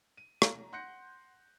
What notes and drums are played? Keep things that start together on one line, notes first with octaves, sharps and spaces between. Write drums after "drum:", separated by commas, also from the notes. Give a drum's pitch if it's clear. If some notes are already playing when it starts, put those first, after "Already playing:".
D#7
A#5, drum: rim click
F#5 C6 F#6 G6 A#6 C#7